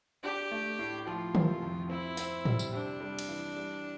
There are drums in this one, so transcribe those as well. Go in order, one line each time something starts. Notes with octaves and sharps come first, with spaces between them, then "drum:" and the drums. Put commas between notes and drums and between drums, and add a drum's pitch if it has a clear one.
D4 G4
A3
A2
F3 F4
C3, drum: tom D#3
F2
C4 E4
C4, drum: open hi-hat
G3, drum: tom A2
drum: tambourine
C3 D4
G3
drum: cymbal
E3
G3